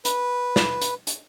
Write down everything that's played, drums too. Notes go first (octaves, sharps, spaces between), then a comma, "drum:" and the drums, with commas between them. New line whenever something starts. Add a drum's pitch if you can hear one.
B4, drum: hi-hat
drum: snare
drum: hi-hat
drum: hi-hat